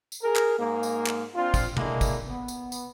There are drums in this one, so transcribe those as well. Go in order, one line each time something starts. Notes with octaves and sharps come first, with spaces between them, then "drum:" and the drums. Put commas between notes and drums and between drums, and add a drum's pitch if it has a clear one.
drum: tambourine
G#4 A#4
drum: clap
G#2 A#3
drum: tambourine
drum: clap
C4 D4 F4
drum: kick, tambourine
D3 G#3 A#3 D4 E4, drum: tom B2
drum: kick, tambourine
B3
drum: tambourine
drum: tambourine